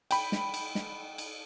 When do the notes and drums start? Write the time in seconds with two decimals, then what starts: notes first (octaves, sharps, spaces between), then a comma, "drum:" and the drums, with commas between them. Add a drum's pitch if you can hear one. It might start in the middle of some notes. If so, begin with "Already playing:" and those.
0.11 G5 B5, drum: cymbal
0.32 drum: snare
0.54 drum: cymbal
0.75 drum: snare
1.18 drum: cymbal